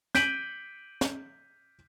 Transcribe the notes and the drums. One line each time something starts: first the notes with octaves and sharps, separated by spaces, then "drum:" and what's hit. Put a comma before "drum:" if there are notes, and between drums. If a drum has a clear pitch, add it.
G6 B6 D7 D#7 F#7, drum: snare
drum: snare